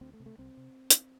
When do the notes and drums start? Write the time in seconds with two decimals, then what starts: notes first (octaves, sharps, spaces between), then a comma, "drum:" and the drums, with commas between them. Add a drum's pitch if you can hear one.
0.01 D2 C4
0.13 A3
0.20 C3
0.26 A3
0.38 C2 C4
0.57 C3
0.90 drum: hi-hat